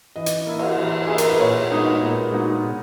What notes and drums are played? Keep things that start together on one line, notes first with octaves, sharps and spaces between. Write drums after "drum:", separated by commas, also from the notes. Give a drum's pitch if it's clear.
E3 D#5
drum: hi-hat
A#3 E4
drum: cymbal
E3
A#3 E4 G#4
A#4, drum: hi-hat
B4
A#2 C#5
G#3 B3 D#4 F#4
A#2 B4
G#3 B3 D#4 F#4
B2